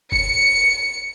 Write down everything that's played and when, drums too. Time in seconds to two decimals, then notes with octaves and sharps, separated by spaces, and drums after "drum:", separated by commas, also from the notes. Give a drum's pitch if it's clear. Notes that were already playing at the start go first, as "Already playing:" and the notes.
0.12 C#7, drum: kick F1